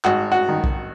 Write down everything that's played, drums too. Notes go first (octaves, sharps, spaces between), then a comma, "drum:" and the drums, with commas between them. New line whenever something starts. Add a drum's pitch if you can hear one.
G#1 F#4, drum: clap
F#4
D#3
drum: kick B1